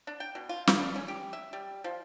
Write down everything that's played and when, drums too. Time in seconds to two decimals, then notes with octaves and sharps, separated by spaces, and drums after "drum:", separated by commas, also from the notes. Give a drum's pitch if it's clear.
0.07 D4
0.20 G5
0.35 B2
0.49 F4
0.67 F5, drum: snare
0.79 D4
0.96 C#4
1.08 G4
1.33 E5
1.53 G3
1.84 F3